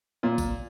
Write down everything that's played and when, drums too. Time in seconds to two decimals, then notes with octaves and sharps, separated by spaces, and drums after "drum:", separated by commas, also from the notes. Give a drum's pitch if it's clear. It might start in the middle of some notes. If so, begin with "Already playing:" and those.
0.23 A#2
0.38 drum: kick G#1, tambourine